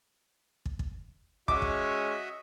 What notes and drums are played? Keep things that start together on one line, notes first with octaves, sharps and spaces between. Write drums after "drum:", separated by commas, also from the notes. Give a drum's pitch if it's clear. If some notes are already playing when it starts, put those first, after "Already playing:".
drum: kick
drum: kick
G#3 C#4 F#4 D#5 E5 D6, drum: kick
drum: kick